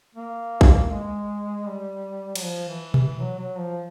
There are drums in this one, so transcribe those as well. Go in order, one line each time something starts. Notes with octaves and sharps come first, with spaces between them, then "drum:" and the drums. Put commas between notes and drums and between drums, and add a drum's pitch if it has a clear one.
A#3
drum: kick
G#3
G3
F#3, drum: cymbal
F3
E3
E3, drum: tom B2
F#3
F#3
F3